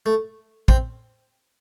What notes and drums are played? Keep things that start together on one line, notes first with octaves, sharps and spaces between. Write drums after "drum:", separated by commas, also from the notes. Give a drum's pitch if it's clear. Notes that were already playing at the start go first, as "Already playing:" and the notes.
A3
C4, drum: kick